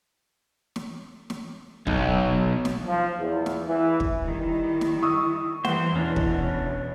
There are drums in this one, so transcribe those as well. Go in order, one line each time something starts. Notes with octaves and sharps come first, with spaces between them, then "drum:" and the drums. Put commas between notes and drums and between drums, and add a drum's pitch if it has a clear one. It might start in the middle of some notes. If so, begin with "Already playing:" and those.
drum: snare
drum: snare
B1, drum: kick
drum: snare
F3
E2
drum: snare
E3
drum: kick
D#3 G3 E4
drum: snare
C#6 D#6 E6
E3 G3 A#3 C5 F#5, drum: snare
E2 B2 E3 C#4 D4
drum: kick
C#5